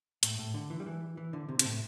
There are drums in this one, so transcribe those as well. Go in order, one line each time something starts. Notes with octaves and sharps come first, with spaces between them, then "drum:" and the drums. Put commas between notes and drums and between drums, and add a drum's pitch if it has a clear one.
A2, drum: hi-hat
A2
D3
E3
G3
E3
E3
D3
C3
C3, drum: hi-hat
A2